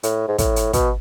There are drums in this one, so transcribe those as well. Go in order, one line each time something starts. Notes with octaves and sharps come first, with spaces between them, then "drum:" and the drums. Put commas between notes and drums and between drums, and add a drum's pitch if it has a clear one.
A2, drum: hi-hat
G#2
A2, drum: kick, hi-hat
drum: hi-hat
B2, drum: kick, hi-hat